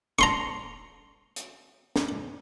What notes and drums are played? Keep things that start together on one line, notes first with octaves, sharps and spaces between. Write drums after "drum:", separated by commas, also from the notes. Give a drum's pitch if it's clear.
A#5 C6 C#6, drum: snare
drum: hi-hat
drum: snare